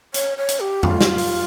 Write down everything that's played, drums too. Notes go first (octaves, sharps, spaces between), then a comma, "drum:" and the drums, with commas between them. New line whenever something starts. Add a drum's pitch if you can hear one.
C#5, drum: hi-hat
C#5
drum: hi-hat
G4
F4, drum: tom F2
drum: snare
drum: open hi-hat